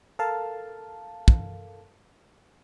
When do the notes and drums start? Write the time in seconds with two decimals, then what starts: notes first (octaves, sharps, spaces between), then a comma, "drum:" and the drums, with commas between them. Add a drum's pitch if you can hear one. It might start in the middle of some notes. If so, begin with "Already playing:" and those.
0.19 A4 A#4 F5 A5
1.28 drum: kick